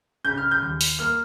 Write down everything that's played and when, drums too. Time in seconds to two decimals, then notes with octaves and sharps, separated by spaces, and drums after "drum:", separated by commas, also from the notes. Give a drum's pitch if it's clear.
0.24 C#3 G6
0.38 F6
0.51 G6
0.62 D#2
0.81 drum: open hi-hat
0.99 A#3 F6